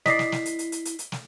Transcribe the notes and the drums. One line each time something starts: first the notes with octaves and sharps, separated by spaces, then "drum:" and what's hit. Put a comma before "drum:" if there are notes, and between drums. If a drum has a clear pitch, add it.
E4 D5 D#5 B6 C7, drum: snare
drum: snare
drum: snare
drum: hi-hat
drum: hi-hat
drum: hi-hat
drum: hi-hat
drum: hi-hat
drum: snare